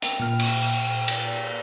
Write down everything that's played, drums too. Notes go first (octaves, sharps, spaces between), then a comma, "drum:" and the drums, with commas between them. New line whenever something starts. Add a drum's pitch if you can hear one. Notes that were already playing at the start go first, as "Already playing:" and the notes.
G5, drum: hi-hat
A#2 F6
drum: cymbal
drum: cymbal